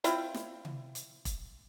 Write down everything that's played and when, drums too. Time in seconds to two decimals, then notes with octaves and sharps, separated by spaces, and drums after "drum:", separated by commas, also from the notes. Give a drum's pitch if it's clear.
0.04 C4 E4 F4, drum: hi-hat
0.34 drum: snare
0.65 drum: tom C3
0.95 drum: hi-hat
1.25 drum: kick E1, hi-hat